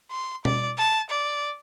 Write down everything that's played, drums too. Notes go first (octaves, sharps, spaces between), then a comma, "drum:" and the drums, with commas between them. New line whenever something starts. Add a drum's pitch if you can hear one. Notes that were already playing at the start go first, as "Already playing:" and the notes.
C6
D5, drum: tom B2
A5
D5